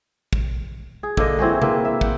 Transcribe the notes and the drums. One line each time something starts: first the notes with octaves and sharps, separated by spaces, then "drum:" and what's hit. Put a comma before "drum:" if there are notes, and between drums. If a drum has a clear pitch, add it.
drum: kick
G#4
D3 A#3 D#5, drum: kick
E3 C4 F#4 G#4
A#3 C4 B4, drum: tom C3
E5
F#5 G5, drum: kick